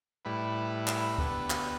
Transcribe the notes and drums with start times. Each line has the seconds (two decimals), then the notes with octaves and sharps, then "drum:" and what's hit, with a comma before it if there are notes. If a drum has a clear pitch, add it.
0.25 A2 G3 E4 B4
0.87 drum: clap
1.18 D3 B3 G4 B4, drum: kick D2
1.50 drum: clap